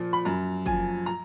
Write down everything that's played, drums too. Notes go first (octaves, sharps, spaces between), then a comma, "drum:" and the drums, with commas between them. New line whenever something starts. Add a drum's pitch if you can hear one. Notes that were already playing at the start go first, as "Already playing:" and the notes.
Already playing: A#2 F3
B5
F#2 A#5
F3 G#5, drum: kick
A#5